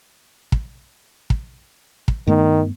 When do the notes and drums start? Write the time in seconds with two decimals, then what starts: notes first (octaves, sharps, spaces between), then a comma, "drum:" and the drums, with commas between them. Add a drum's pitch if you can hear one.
0.52 drum: kick
1.30 drum: kick
2.08 drum: kick
2.27 G2 D#3 A3 B3